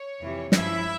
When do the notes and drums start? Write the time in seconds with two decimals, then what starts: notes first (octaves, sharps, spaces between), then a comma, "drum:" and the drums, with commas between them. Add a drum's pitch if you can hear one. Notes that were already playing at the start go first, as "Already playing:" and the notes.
Already playing: C#5
0.20 F2 C3 E3 G3
0.52 G2 F3 G#3 C#4 E4 E5, drum: snare